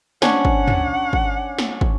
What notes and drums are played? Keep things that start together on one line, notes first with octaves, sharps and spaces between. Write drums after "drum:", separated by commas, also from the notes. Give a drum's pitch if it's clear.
C#4 D4 C#5 F#5, drum: snare
drum: kick
drum: tom
drum: kick
drum: snare
drum: kick